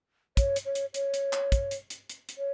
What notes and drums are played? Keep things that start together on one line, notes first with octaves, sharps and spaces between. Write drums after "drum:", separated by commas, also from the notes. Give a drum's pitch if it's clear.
C#5, drum: kick, hi-hat
drum: hi-hat
C#5
drum: hi-hat
C#5, drum: hi-hat
drum: hi-hat
drum: clap
drum: kick, hi-hat
drum: hi-hat
drum: hi-hat
drum: hi-hat
drum: hi-hat
C#5